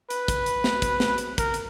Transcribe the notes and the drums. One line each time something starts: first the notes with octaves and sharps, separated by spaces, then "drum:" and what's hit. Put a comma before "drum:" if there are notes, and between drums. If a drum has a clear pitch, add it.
B4, drum: hi-hat
drum: kick, hi-hat
drum: hi-hat
drum: snare
drum: kick, hi-hat
drum: snare
drum: hi-hat
A#4, drum: kick, hi-hat
drum: hi-hat